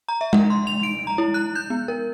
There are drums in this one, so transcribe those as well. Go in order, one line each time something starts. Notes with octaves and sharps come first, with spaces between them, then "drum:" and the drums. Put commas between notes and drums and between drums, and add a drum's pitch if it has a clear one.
A#5
E5
F#5, drum: tom G#3
C6
F7
D7
A#5
E4
F#6
G6
B3
A#4